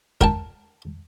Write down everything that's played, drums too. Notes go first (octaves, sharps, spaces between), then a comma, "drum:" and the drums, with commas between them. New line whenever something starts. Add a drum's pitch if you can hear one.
A#4 G5 A5, drum: kick